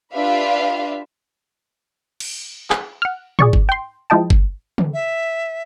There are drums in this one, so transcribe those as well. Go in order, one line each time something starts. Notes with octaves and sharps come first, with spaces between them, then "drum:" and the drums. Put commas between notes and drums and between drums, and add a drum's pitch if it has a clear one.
D4 F4 G4 B4 E5 F5
drum: cymbal
G#4, drum: clap
F#5 F6
G#4 D5 C#6, drum: tom
drum: kick G1
G5 C6
F3 G#3 E4 D#5 G5 A5
drum: kick G1
drum: tom
E5